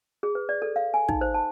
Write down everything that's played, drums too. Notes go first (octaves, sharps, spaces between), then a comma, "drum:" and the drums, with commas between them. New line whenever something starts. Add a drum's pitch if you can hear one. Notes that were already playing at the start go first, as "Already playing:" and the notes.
G#4
B4
D5
A4
F5
G#5
D#4, drum: kick
C5
A5